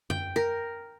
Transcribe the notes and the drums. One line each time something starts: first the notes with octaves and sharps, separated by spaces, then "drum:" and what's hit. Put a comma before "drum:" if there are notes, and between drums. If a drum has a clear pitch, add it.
G5, drum: tom F#2
A#4